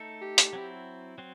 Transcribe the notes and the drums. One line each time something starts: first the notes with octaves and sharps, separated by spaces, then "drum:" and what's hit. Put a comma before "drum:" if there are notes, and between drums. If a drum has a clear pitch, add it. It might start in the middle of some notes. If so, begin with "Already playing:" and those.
Already playing: A3 D#4 A4
G4
drum: hi-hat
F#3 C4 E4
F#3 C4